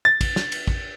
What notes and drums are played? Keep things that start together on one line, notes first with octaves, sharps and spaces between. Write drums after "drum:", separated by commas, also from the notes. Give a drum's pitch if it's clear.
A6
drum: kick, cymbal
drum: snare
drum: cymbal
drum: kick